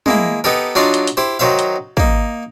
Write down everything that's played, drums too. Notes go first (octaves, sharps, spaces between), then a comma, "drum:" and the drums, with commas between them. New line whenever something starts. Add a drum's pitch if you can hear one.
G#3 A#3 E4, drum: tom
B3 D#4 G4 A4 A#4
F#3 D4 D#4 F4 D5 F5
drum: hi-hat
drum: hi-hat
E4 G4 C5
D#3 F#3 C5 E5 F5
drum: hi-hat
A#3 D#4, drum: kick